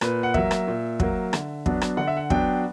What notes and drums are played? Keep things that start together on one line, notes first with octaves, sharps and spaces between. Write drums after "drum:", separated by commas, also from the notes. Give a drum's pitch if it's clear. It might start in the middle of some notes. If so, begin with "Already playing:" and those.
A#2 B4, drum: rim click
F#5
F#3 A#3 E5, drum: kick
drum: rim click
A#2
F#3 A#3, drum: kick
D3, drum: rim click
F#3 B3 D4, drum: kick
drum: rim click
D3 F#5
E5
F#5
F#3 B3 D4 G5, drum: kick